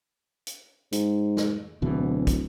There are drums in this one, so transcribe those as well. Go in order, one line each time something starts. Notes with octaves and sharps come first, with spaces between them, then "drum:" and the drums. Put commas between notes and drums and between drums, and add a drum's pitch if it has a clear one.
drum: hi-hat
G#2, drum: hi-hat
drum: snare
D1 D2 B2 E3
drum: kick, hi-hat